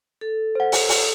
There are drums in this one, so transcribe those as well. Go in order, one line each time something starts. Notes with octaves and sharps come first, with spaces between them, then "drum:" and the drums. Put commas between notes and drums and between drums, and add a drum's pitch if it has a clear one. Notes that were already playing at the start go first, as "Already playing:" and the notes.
A4
C5 F#5
drum: open hi-hat
drum: open hi-hat